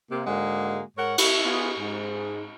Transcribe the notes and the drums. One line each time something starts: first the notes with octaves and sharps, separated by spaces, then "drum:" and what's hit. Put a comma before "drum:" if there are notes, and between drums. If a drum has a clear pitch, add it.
C3 A#3
G#2 D3 G#3 A#3 F#4
G#2 A#4 C#5 F#5
E4, drum: cymbal
B3 E4 F4 G#4
G#2